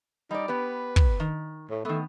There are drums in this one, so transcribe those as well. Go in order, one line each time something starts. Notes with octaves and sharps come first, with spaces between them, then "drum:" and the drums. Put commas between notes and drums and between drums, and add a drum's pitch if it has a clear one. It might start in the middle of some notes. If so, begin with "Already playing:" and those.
G3 D#4 D5
B3 G4 B4
drum: kick
D#3
A2
D#3 A3 B3